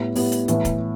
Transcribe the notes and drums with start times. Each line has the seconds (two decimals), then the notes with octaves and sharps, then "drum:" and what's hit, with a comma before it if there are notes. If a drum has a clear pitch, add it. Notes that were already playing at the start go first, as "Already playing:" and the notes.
Already playing: A2 G3 B3
0.15 A2 G3 B3, drum: open hi-hat
0.32 drum: hi-hat
0.48 A2 E3 B3, drum: hi-hat
0.65 drum: kick, hi-hat